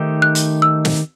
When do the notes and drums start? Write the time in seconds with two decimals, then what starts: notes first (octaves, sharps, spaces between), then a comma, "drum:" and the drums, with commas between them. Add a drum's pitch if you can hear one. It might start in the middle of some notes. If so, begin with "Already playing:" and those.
Already playing: D#3 A3 D#4 G4 C5
0.22 F#6
0.35 drum: hi-hat
0.62 E6
0.85 drum: snare